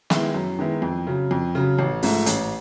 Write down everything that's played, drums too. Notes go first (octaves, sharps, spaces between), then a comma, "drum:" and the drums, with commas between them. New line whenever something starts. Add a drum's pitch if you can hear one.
D#3 G#3 B3 E4, drum: snare
F#2
D#3 G#3 B3 E4
F2
C#3 F#3
F2
C#3 F#3
A1
G#2 F3 A3, drum: open hi-hat
A1, drum: hi-hat